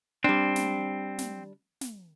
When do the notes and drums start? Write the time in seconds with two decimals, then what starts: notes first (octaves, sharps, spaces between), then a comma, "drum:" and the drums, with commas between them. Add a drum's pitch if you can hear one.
0.24 G3 C4 D4
0.56 drum: snare
1.18 drum: snare
1.81 drum: snare